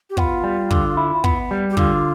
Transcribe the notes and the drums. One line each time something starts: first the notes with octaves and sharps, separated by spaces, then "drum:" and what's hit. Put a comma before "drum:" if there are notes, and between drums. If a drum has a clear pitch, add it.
G4
B3 F4, drum: kick
G3
D3, drum: kick
E4
B3, drum: kick
G3
G4
D3 F4, drum: kick